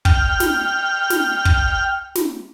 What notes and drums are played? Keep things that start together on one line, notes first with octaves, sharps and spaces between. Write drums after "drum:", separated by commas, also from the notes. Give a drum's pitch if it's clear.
G5 F6, drum: kick
drum: snare
drum: snare
drum: kick
drum: snare